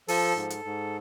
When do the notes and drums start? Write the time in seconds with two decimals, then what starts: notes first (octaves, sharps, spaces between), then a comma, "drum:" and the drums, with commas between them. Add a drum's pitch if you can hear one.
0.08 F3 A4, drum: open hi-hat
0.36 G#2
0.50 drum: hi-hat
0.65 G#2